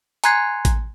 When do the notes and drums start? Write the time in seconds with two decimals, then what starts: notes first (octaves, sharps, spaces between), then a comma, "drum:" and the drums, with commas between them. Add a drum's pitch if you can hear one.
0.24 G#5 A#5 C6 F#6 G#6 C7, drum: hi-hat
0.65 drum: kick A1, hi-hat